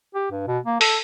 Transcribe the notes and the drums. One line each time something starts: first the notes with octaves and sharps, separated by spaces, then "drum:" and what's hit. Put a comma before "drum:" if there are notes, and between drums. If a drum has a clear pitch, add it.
G4
G2
B2
A#3
A4, drum: open hi-hat